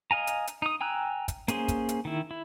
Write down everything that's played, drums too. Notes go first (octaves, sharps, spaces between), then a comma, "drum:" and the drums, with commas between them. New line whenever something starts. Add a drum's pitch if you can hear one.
D#5 F5 G#5 A#5
drum: hi-hat
drum: hi-hat
D#4 D#6
G5 G#5 A#5 E6 F#6
drum: kick, hi-hat
A#3 C#4 G#4 C5, drum: hi-hat
drum: kick, hi-hat
drum: hi-hat
D#3 E4
E4